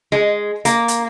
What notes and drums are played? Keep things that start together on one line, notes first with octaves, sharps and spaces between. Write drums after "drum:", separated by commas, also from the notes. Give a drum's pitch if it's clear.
G#3
A#3, drum: hi-hat
drum: hi-hat